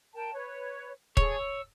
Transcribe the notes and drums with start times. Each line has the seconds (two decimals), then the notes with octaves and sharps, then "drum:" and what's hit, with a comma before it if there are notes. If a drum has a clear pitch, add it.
0.14 A#4 G5 A5
0.33 B4 C#5
1.17 G#4 A4 C#5 C#6, drum: kick D#1
1.38 E6